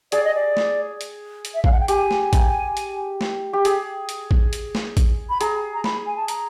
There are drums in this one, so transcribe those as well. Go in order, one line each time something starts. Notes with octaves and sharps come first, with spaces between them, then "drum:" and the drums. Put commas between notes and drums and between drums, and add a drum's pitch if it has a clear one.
G#4 D5, drum: hi-hat
D#5
D5
drum: snare
drum: hi-hat
drum: hi-hat
E5
F5, drum: kick A1
F#5
G5
G4 G#5, drum: hi-hat
drum: snare
drum: kick A1, hi-hat
drum: hi-hat
drum: snare
G4
G#4, drum: hi-hat
drum: hi-hat
drum: kick A1
drum: hi-hat
drum: snare
drum: kick A1, hi-hat
B5
G#4 A#5, drum: hi-hat
A#5
B5, drum: snare
G#5
A5
A#5, drum: hi-hat